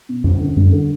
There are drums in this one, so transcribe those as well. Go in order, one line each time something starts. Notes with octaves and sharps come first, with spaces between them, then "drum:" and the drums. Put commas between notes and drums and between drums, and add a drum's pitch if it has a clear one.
B2
C#4, drum: tom F2
D3
F#2 G3
D3